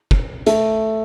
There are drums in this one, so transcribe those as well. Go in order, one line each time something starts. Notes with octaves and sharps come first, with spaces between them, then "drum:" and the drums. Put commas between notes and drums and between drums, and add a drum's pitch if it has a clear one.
drum: kick
A3, drum: hi-hat